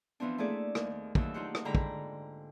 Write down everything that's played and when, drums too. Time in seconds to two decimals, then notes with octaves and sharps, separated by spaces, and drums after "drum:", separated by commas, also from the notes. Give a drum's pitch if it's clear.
0.20 E3 F3 B3 C4 D4
0.38 A3 A#3 E4 G#4 A4 D5
0.75 D#2, drum: rim click
1.15 D#2 E3 F#3 E6, drum: kick
1.34 D4 D#4 F4 G4 F#5
1.55 drum: rim click
1.65 G#2 D3 G5 A#5 B5
1.75 drum: kick